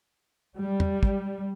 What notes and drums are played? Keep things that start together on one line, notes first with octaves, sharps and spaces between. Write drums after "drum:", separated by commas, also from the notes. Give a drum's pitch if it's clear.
G3
drum: tom
drum: kick